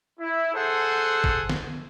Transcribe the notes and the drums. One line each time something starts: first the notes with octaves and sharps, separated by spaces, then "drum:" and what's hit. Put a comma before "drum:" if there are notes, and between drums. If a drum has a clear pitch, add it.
E4
G#4 A4 C5 F#5
drum: kick G#1
drum: snare